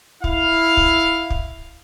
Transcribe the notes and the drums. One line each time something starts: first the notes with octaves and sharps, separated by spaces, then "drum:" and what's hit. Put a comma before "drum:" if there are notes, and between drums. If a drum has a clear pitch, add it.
E4 F5, drum: kick
drum: kick
drum: kick